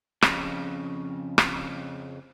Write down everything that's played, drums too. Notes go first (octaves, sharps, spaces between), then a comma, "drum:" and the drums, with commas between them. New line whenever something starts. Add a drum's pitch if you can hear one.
F2 C#3, drum: rim click
drum: rim click